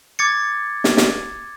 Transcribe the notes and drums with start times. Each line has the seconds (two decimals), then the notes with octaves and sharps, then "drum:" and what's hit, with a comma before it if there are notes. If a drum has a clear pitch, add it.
0.19 D6 G#6 A6 C#7
0.84 drum: snare
0.97 drum: snare